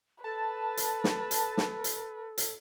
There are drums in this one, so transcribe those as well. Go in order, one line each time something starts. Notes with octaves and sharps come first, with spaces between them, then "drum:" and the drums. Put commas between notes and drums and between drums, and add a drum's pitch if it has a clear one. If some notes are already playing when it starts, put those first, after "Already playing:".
A4 B4 A5
drum: hi-hat
drum: snare
drum: hi-hat
drum: snare
drum: hi-hat
drum: hi-hat